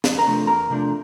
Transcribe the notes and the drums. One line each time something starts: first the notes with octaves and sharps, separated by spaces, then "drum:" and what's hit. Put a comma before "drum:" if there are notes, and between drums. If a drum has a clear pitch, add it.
E2, drum: snare
A#4 A#5
C3 F3 A3 D4
E2 A#4 A#5
C3 F3 A3 D4